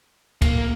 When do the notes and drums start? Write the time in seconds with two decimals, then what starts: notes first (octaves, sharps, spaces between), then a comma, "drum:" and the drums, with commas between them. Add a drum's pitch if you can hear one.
0.42 A#3, drum: kick, cymbal